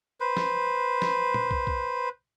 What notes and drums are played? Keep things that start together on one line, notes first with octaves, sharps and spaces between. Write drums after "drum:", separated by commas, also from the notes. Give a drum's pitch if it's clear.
B4 C5
drum: snare
drum: snare
drum: tom
drum: kick
drum: kick